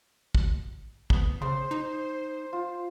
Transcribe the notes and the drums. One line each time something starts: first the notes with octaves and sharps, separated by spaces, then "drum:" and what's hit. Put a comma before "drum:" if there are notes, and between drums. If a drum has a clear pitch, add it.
drum: kick
B3 D#6, drum: kick
C#3 C5 C6
D#4
F4